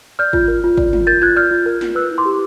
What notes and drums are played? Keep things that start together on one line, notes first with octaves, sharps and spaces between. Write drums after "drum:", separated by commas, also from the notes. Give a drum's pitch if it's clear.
D5 F6 G6
F4, drum: kick
A#4
F4
D5, drum: kick
F4, drum: tom
A#4 G6 A6
F4 F#6 G#6
D5 F6 G6
F4
A#4
F4, drum: snare
B4 E6 F#6
E4
C6 D6
G4